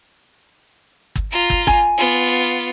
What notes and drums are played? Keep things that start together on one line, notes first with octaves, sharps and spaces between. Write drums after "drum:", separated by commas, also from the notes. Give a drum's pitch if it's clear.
drum: kick
F4 A#5
drum: kick
G#5, drum: kick
B3 F4